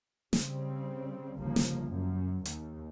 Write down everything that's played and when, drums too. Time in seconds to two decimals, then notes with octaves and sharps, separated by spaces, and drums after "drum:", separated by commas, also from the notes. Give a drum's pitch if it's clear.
0.33 C#3 G3 C4, drum: snare
1.38 G1 D#2 C#3 F3 A#3
1.56 drum: snare
1.87 F#2
2.45 D#2, drum: hi-hat